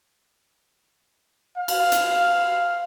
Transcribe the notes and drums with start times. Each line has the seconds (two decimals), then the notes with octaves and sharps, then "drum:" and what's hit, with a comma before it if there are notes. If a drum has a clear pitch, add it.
1.57 F5
1.68 drum: cymbal
1.92 drum: hi-hat